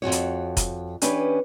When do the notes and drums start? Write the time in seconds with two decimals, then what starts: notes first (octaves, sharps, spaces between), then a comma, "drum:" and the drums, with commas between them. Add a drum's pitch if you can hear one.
0.02 F2 A#2 F#4 C#5
0.12 drum: hi-hat
0.57 drum: kick F1, hi-hat
1.02 E3 C#4 D4 G4 B4, drum: hi-hat